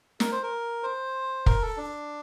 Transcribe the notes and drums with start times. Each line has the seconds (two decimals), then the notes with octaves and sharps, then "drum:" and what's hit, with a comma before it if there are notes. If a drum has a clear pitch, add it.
0.20 A#4, drum: snare
0.32 C5
0.43 A#4
0.83 C5
1.46 A#4, drum: kick
1.62 A4
1.77 D4